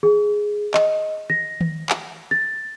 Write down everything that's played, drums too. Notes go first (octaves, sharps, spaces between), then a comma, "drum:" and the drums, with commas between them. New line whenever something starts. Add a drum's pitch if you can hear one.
G#4
D#5, drum: clap
A#6
drum: tom D#3
drum: clap
A6